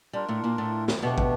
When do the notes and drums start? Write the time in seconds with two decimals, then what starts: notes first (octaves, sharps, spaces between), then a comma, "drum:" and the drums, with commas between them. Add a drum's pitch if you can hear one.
0.13 G3 D4 F4 A#4
0.28 A2 A3
0.44 A#2 A#3
0.58 A2 A3
0.88 drum: snare
1.02 B2 A3 B3 D4 G4
1.18 drum: kick